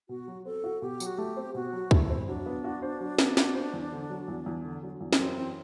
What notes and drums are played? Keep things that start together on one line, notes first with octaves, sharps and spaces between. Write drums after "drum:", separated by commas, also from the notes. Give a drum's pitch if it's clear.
B2 F#4
F#3
C4 A4
F#4
B2 G4
F#3, drum: tambourine
F#4
A3 G4
C4
B2 F#4
F#3
A3 E4, drum: kick
C4
F#3 D4
B3
F#4
C5
F#3
B3, drum: snare
F#4, drum: snare
C5
E2
D3
F#3
E2
E2
D3
F#3
E2
B3, drum: snare
F#2 C4
E3